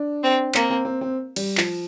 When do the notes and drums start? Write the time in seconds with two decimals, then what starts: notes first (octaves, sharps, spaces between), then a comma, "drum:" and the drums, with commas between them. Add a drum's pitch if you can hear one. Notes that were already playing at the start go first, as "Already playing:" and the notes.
Already playing: D4
0.23 C4
0.54 A#3 C4, drum: clap
0.70 C4
0.85 C4
1.01 C4
1.36 G3, drum: cymbal
1.57 F3, drum: clap